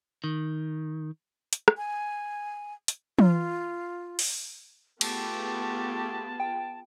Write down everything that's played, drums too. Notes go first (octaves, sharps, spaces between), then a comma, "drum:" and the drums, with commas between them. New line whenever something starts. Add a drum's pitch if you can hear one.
D#3
drum: hi-hat
drum: rim click
G#5
drum: hi-hat
F4, drum: tom
drum: open hi-hat
A3 B3 F4 G4 G#4 A5, drum: cymbal
G5